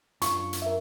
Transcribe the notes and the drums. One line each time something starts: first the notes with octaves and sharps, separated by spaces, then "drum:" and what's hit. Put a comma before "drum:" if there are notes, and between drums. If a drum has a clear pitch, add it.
F#2 D4 F4 C#6, drum: hi-hat
drum: hi-hat
A#4 E5